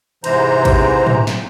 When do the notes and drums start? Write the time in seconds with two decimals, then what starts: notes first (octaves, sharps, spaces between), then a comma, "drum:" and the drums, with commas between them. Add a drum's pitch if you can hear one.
0.24 G#2 C3 E3 C5 A#5, drum: cymbal
0.65 drum: kick A1, cymbal
1.06 drum: tom
1.27 drum: snare